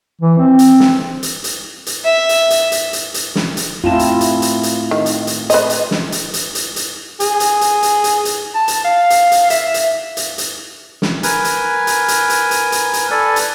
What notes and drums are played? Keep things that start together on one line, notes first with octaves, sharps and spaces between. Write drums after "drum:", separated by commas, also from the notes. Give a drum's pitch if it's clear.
E3
C4
drum: hi-hat
drum: snare
drum: hi-hat
drum: hi-hat
drum: hi-hat
E5
drum: hi-hat
drum: hi-hat
drum: hi-hat
drum: hi-hat
drum: hi-hat
drum: snare
drum: hi-hat
A2 C4 E4 F4 A5
drum: hi-hat
drum: hi-hat
drum: hi-hat
drum: hi-hat
D#3
drum: hi-hat
drum: hi-hat
B4 C5 D#5, drum: hi-hat
drum: hi-hat
drum: snare
drum: hi-hat
drum: hi-hat
drum: hi-hat
drum: hi-hat
G#4, drum: hi-hat
drum: hi-hat
drum: hi-hat
drum: hi-hat
drum: hi-hat
drum: hi-hat
A5
drum: hi-hat
F5
drum: hi-hat
drum: hi-hat
E5, drum: hi-hat
drum: hi-hat
drum: hi-hat
drum: hi-hat
drum: snare
A#4 B4 G#5, drum: hi-hat
drum: hi-hat
drum: hi-hat
drum: hi-hat
drum: hi-hat
drum: hi-hat
drum: hi-hat
drum: hi-hat
A4 B4 D5 G#5
drum: hi-hat